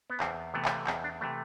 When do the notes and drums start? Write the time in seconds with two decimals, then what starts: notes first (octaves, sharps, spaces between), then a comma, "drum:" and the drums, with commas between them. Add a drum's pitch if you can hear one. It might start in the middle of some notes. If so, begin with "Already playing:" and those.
0.10 B3
0.20 E2 C4, drum: clap
0.54 C3 E3 A3 B3
0.65 drum: clap
0.87 E2 C4, drum: clap
1.04 D4
1.21 C3 E3 A3